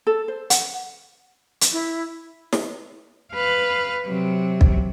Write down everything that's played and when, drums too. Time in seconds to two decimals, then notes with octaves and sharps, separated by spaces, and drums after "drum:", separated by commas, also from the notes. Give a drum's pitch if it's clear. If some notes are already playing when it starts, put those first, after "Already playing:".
0.07 A4
0.28 C5
0.50 F#5, drum: hi-hat
1.61 drum: hi-hat
1.73 E4
2.53 drum: snare
3.33 B4 F5
4.05 C3 F#3
4.61 drum: kick